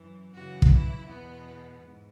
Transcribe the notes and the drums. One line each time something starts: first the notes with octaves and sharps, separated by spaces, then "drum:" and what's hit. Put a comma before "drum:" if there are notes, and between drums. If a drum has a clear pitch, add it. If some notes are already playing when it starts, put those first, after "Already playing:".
Already playing: F#2 E3
F#2 C#3 E3 F#4
drum: kick
E4
E2 B2 B3
G#2